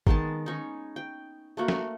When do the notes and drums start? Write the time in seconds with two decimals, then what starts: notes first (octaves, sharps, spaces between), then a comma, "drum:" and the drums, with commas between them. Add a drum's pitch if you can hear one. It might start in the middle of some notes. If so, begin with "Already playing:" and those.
0.07 D#3 G#3 B3 A5, drum: kick
0.46 C#4 D#4
0.96 G5
1.57 A3 A#3 F#4
1.68 drum: snare